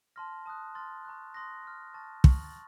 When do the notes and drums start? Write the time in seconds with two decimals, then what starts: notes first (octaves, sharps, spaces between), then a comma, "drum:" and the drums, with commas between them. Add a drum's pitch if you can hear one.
0.16 A5 C6 F6 A#6
0.46 A5 D#6 F#6
0.75 C6 F6 A6
1.05 A#5 C#6 F#6
1.34 C6 D#6 F#6 A#6
1.64 C6 F6
1.94 A5 C#6 F6 A6
2.24 A#5 C#6 F6, drum: kick
2.45 A6